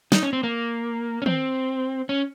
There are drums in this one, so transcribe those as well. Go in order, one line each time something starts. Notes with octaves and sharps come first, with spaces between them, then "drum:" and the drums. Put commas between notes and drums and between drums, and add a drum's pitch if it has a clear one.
D#4, drum: snare
C#4
C4
A#3
C#4
C4, drum: tom D#3
C#4